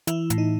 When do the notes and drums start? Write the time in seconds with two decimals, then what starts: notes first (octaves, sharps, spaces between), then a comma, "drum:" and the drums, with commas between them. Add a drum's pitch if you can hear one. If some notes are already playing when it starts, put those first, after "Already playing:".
0.07 E3 E4, drum: hi-hat
0.30 A2, drum: hi-hat
0.38 D#4